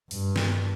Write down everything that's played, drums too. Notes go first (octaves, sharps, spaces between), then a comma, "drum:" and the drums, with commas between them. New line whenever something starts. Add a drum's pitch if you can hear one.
G2, drum: open hi-hat
drum: snare